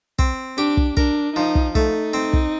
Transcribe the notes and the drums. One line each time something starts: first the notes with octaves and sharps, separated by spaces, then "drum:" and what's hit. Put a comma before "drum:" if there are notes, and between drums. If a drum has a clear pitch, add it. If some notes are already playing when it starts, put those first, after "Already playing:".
C4, drum: kick
D4 G4
drum: kick
D4 A#4, drum: kick
F3 D#4
drum: kick
A3 D#4, drum: kick
C4
drum: kick